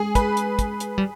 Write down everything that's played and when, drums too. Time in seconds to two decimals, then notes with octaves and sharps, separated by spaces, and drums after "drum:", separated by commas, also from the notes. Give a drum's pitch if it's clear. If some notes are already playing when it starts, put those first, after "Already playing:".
Already playing: G#3 G#4
0.15 B4, drum: kick, hi-hat
0.37 drum: hi-hat
0.59 drum: kick, hi-hat
0.80 drum: hi-hat
0.98 G3